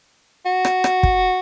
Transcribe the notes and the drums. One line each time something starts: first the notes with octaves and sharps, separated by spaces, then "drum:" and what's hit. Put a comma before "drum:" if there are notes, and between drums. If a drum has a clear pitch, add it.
F#4
drum: rim click
drum: rim click
drum: kick